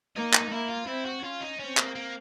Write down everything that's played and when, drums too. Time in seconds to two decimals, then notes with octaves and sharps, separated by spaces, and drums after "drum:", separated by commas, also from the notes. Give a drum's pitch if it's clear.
0.16 A#3 D#4
0.33 drum: clap
0.51 A#3 E4
0.69 F4
0.87 C4 E4
1.05 F#4
1.23 C#4 F4
1.41 D#4
1.59 C4 C#4
1.77 A#3, drum: clap
1.95 A#3